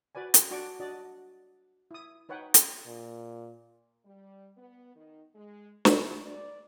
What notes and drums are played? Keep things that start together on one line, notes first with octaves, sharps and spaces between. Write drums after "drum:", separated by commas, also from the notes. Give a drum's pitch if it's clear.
F#4 B4 D5 G#5
F#5 G#5, drum: hi-hat
D4 F#4 D5 C#6 D6
D4 F#4 D5 D#5
E4 D#6
D#4 B4 C#5 F#5 G5
drum: hi-hat
A#2
G3
B3
D#3
G#3
E4, drum: snare
D5